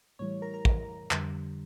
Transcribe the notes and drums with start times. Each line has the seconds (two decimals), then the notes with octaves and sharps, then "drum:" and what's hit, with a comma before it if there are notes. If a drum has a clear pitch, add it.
0.19 A2 E3 G3 C#5
0.42 A#4 A#5
0.54 A#4 A#5
0.65 drum: kick
1.11 F2 D3 G3, drum: clap